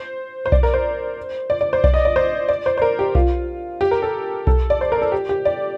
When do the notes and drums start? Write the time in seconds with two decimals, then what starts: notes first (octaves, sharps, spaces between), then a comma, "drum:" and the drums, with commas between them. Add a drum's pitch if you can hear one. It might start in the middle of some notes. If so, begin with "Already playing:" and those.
Already playing: C5
0.46 C5
0.52 D5, drum: kick B1
0.63 A#4
0.74 C5
1.50 D5
1.61 D5
1.73 C5
1.84 D5, drum: kick B1
1.94 D#5
2.05 D5
2.16 C5
2.49 D5
2.66 C5
2.78 C5
2.82 A#4
2.99 G4
3.15 F4, drum: kick B1
3.81 G4
3.91 A#4
4.02 A4
4.47 A4, drum: kick B1
4.70 D5
4.81 C5
4.92 A#4
5.02 A4
5.12 G4
5.29 G4
5.45 D5